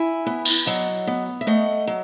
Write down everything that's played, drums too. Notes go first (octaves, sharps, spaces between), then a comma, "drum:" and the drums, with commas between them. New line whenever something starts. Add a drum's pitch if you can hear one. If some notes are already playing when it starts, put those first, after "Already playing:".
Already playing: E4 E5 G#5
B3
drum: tambourine
F#3 D#5 F#5
B3
E5
A3 D#5 F#5
F#3